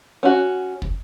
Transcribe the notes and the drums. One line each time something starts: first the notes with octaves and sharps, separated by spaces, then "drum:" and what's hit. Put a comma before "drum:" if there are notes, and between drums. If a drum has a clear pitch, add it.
C#4 F#4
drum: kick